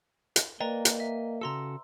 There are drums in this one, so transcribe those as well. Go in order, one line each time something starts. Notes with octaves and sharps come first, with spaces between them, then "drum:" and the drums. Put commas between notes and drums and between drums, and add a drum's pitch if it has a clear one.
drum: hi-hat
A#3 B4 D5 D#5 G5 A#5
drum: hi-hat
E5
C#3 F#4 A4 A#5 C6 E6